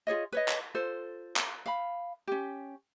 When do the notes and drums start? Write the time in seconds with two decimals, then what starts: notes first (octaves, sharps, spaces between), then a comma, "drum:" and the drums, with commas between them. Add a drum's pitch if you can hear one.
0.07 F4 G#4 C#5 D#5
0.32 B4 C#5 D#5
0.48 drum: clap
0.75 F4 A4 C5
1.36 drum: clap
1.66 F5 B5
2.27 C#4 G4